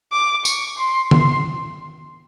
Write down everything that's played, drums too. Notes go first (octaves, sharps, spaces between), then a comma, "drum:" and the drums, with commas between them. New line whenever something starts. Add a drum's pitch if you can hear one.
D6
C#6, drum: tambourine
C6
C6, drum: tom D#3